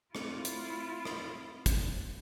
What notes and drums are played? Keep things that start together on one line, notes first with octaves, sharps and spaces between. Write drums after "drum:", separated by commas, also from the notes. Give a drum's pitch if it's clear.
A3 C4 E4 F4, drum: rim click
drum: hi-hat
drum: rim click
drum: kick, hi-hat